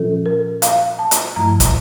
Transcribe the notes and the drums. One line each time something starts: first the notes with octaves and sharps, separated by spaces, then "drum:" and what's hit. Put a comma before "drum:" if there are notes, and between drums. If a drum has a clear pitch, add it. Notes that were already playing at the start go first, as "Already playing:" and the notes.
Already playing: A#2 F3 C#4 F4 A4
A#4
F5, drum: hi-hat
A5
drum: hi-hat
G2 F3 A3 E4 A#5
drum: kick, hi-hat